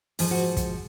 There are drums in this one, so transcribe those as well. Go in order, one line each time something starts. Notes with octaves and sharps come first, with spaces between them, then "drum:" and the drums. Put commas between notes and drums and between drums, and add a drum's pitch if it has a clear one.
G#2 F3, drum: open hi-hat
F#4
drum: kick, hi-hat